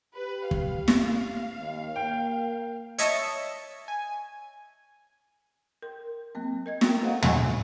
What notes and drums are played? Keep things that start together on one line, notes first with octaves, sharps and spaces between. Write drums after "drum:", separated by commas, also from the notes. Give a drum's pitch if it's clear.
G4 B4
F5, drum: kick
drum: snare
D#2
A#3 G5
C#5 D#5 E5 A5 C#6, drum: hi-hat
G#5
A#4 G5 C6
F#3 A#3 C4
A#4 D#5 G#6
F#4 G5 A#5, drum: snare
A4 B4 C5 D#5 F5 F#5
D#5 F5 F#5 G#5 C#6, drum: tom